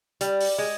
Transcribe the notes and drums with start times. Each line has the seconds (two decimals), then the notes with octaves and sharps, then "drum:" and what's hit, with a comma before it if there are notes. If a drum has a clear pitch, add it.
0.21 G3, drum: hi-hat
0.41 drum: open hi-hat
0.58 G#3